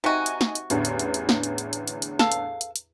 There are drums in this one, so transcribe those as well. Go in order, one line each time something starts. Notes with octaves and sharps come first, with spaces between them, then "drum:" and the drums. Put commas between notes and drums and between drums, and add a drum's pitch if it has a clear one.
C3 D#4 F#4 G#5
drum: hi-hat
drum: snare
drum: hi-hat
A1 E2 D3, drum: hi-hat
drum: hi-hat
drum: hi-hat
drum: hi-hat
drum: snare
drum: hi-hat
drum: hi-hat
drum: hi-hat
drum: hi-hat
drum: hi-hat
A4 F5, drum: snare
drum: hi-hat
drum: hi-hat
drum: hi-hat